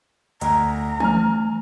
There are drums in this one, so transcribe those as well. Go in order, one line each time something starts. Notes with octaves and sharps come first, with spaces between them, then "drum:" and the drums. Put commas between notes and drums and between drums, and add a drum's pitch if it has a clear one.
D2 A#5, drum: hi-hat
A3 G#5 F6, drum: tom E3